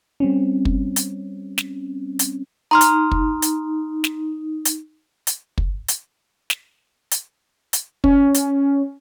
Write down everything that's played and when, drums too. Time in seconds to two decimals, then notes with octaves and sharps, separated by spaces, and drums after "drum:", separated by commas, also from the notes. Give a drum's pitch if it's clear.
0.20 G3 C4 C#4
0.65 drum: kick
0.96 drum: hi-hat
1.58 drum: snare
2.19 drum: hi-hat
2.71 D#4 A#5 C6 F6
2.81 drum: hi-hat
3.11 drum: kick
3.42 drum: hi-hat
4.04 drum: snare
4.65 drum: hi-hat
5.27 drum: hi-hat
5.58 drum: kick
5.88 drum: hi-hat
6.50 drum: snare
7.11 drum: hi-hat
7.73 drum: hi-hat
8.04 C#4, drum: kick
8.34 drum: hi-hat